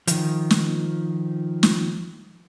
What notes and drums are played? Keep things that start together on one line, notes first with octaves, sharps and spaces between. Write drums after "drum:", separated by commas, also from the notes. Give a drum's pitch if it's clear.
D#3 F3, drum: hi-hat
drum: snare
drum: snare